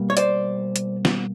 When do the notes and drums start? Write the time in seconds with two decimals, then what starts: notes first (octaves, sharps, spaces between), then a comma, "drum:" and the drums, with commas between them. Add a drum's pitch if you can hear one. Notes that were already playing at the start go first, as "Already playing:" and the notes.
Already playing: B2 G3 A#3
0.10 C#5
0.17 C5 D5, drum: hi-hat
0.76 drum: hi-hat
1.05 drum: snare